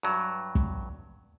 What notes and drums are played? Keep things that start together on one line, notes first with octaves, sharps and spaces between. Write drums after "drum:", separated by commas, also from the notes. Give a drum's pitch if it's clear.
G2 F#3
drum: kick